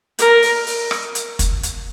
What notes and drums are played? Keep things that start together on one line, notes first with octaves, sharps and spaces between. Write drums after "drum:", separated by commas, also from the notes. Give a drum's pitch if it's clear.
A#4, drum: hi-hat
drum: open hi-hat
drum: open hi-hat
drum: rim click
drum: hi-hat
drum: kick, hi-hat
drum: hi-hat